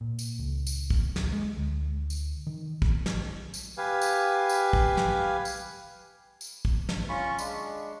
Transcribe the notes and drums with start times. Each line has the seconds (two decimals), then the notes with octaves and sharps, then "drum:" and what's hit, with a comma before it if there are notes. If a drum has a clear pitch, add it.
0.01 A#2
0.19 drum: tambourine
0.39 C#2
0.67 drum: tambourine
0.90 drum: kick
1.16 C#2, drum: snare
1.32 G#3
1.57 D2
2.10 drum: tambourine
2.47 D#3
2.82 drum: kick
3.06 drum: snare
3.54 drum: tambourine
3.78 G4 B4 F5 G#5
4.02 drum: tambourine
4.49 drum: tambourine
4.73 drum: kick
4.97 drum: snare
5.45 drum: tambourine
6.41 drum: tambourine
6.65 drum: kick
6.89 drum: snare
7.09 C#4 F4 B5 C#6
7.38 G#3 D4, drum: tambourine